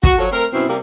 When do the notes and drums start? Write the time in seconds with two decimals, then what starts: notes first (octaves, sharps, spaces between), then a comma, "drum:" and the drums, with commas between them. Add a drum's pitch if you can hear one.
0.03 F#4, drum: kick
0.19 F3 F#3 A4 C#5
0.31 A3 C4 A#4
0.53 F#2 B2 C4 E4
0.68 C3 G3 A#3